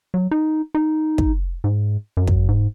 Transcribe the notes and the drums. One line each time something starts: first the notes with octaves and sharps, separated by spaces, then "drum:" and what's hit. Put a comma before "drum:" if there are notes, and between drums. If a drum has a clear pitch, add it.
F#3
D#4
D#4
drum: kick
G#2
F#2
drum: kick
G#2